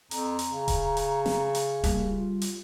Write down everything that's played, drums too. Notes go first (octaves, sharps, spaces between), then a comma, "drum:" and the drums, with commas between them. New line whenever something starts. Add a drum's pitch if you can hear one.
F2 A#5, drum: hi-hat
drum: hi-hat
C#3
drum: kick D#1, hi-hat
drum: hi-hat
drum: snare
drum: hi-hat
G3 A#3, drum: kick D#1, hi-hat
F4
drum: hi-hat